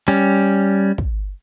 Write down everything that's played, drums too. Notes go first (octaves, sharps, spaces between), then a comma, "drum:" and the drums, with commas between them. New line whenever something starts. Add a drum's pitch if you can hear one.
G3 C#4
drum: kick